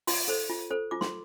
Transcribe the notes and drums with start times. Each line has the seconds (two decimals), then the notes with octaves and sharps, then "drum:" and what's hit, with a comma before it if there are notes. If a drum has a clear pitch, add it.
0.07 F4 C6, drum: open hi-hat
0.28 A4 C5
0.49 F4
0.71 A4 C5
0.91 F4 D6
1.01 C6, drum: snare